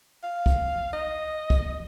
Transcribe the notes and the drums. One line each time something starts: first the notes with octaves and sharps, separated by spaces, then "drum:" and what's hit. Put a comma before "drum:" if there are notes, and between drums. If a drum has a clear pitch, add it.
F5
drum: kick
D#5
drum: kick